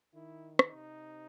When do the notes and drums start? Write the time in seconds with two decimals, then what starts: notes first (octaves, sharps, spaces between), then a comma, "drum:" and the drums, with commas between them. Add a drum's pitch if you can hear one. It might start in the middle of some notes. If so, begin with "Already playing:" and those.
0.14 D#3 E4
0.59 drum: rim click
0.70 C3 D#4